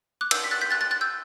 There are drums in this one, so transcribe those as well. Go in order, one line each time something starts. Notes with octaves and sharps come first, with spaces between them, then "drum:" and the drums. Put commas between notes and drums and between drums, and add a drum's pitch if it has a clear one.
D6 F#6
E6 G6, drum: cymbal
B6
F#6 A6
G6 B6
F#6 A6
F#6 A6
F#6 A6
E6 G6